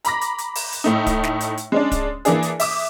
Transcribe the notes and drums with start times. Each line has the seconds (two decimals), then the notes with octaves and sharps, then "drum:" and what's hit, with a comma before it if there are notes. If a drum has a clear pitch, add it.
0.05 A#5 B5 D6 A#6, drum: hi-hat
0.21 drum: hi-hat
0.38 drum: hi-hat
0.55 drum: open hi-hat
0.72 drum: hi-hat
0.84 A2 A3 D#4
1.06 drum: kick D1, hi-hat
1.23 drum: snare
1.40 drum: hi-hat
1.57 drum: hi-hat
1.72 G#3 C#4 D4
1.92 drum: kick D1, hi-hat
2.25 E3 A#3 D4 G#4, drum: hi-hat
2.43 drum: hi-hat
2.60 E5 D6 D#6, drum: open hi-hat